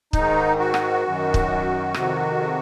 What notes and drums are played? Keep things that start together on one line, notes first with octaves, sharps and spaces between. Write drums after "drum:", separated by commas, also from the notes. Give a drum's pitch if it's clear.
G#2 D#3 D#4, drum: kick
F#4
drum: rim click
F#2 D#3
drum: kick
F2 C3 D#3, drum: rim click